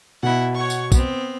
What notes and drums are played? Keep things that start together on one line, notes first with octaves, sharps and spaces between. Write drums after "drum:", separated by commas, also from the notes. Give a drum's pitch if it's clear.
B2 E4 F#5
C#5 F#5 C#6
drum: tambourine
B3 C4, drum: kick, tambourine